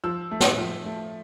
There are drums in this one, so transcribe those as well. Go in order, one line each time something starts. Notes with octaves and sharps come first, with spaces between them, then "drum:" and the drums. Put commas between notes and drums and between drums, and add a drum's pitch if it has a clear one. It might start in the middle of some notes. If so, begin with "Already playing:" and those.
F3 E6
A3
drum: snare
F3
A3